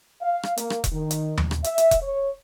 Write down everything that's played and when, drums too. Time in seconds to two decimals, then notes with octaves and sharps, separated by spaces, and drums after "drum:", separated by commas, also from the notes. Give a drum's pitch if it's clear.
0.22 F5
0.43 drum: rim click
0.57 A#3, drum: hi-hat
0.70 drum: rim click
0.84 drum: kick E1, hi-hat
0.93 D#3
1.11 drum: hi-hat
1.37 drum: tom D#2
1.51 drum: rim click
1.64 E5, drum: hi-hat
1.78 drum: hi-hat
1.91 drum: kick E1, hi-hat
2.02 C#5